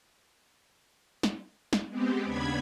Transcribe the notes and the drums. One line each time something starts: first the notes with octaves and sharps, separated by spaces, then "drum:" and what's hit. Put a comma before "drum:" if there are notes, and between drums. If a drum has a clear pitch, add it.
drum: snare
drum: snare
G#3 B3 C4 G4
D#2 C#3 B3 D4 B5 G#6